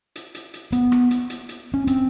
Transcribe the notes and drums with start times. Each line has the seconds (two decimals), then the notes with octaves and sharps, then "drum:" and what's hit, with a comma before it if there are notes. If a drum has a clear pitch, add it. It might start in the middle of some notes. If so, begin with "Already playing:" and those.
0.16 drum: hi-hat
0.35 drum: hi-hat
0.54 drum: hi-hat
0.72 B3, drum: hi-hat
0.92 drum: rim click
1.11 drum: hi-hat
1.30 drum: hi-hat
1.49 drum: hi-hat
1.74 C#4
1.87 C4, drum: hi-hat